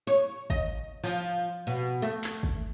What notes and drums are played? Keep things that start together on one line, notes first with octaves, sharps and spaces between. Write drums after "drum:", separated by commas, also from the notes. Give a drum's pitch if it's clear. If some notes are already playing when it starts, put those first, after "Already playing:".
C#5
D#5, drum: kick
F3
B2
A3
drum: clap
drum: kick